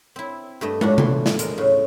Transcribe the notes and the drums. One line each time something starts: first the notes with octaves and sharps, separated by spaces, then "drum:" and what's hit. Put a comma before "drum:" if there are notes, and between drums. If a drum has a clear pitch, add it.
C4 E4
G2 A3 D#5
A2 D4 F#4, drum: tom
E3 C6, drum: tom C3
drum: snare
G#3 A#4, drum: hi-hat
A2 C#3